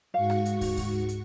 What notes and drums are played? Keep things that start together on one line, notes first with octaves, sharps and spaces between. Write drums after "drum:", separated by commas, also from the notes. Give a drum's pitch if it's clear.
G#2 F#4 F5 C#6
drum: rim click
drum: hi-hat
drum: kick, open hi-hat
drum: kick, open hi-hat
drum: hi-hat